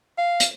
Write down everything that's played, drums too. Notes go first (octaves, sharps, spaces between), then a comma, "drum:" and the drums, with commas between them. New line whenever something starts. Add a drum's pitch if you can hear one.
F5
drum: hi-hat